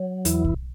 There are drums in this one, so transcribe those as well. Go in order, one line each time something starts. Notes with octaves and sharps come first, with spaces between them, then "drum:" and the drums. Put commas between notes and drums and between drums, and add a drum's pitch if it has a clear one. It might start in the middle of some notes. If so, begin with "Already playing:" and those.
Already playing: F#3
E2 E3 E4, drum: hi-hat
drum: kick